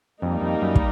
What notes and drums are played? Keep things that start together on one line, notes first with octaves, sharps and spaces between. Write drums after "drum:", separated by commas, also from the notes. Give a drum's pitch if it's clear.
F2 G3 A#3 D#4
F2
F#2
drum: kick